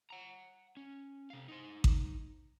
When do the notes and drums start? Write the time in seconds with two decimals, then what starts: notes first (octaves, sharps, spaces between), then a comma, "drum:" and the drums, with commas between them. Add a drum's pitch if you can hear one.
0.10 F#5 A#5
0.77 C#4
1.30 C3 F5
1.48 D#4 C5
1.84 drum: kick A1